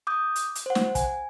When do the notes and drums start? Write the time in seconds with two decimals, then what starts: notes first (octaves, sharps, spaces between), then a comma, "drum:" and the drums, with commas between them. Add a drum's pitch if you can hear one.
0.07 D6 D#6 G6
0.36 drum: hi-hat
0.55 drum: hi-hat
0.66 C5 F#5
0.75 drum: snare
0.95 G#5, drum: kick, hi-hat